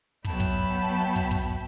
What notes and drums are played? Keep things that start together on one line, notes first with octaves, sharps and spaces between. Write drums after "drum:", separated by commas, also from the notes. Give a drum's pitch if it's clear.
F#3 B3 E5 G5 A5 B5, drum: kick
drum: kick, hi-hat
drum: hi-hat
drum: kick
drum: kick, hi-hat